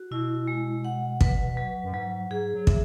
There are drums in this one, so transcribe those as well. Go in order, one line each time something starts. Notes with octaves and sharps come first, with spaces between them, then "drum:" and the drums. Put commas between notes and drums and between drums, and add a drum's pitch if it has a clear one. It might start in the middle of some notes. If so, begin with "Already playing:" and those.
Already playing: F#4
B2 E4
G#3
F#5
B4, drum: kick
F#3
F#2
G#2 F#3
G#2 G#4
F#3
E5, drum: kick